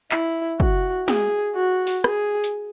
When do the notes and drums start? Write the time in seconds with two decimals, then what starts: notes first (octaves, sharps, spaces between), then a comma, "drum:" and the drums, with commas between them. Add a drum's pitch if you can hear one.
0.11 E4, drum: clap
0.60 F#4, drum: kick
1.08 G#4, drum: snare
1.55 F#4
1.87 drum: open hi-hat
2.04 G#4, drum: rim click
2.44 drum: hi-hat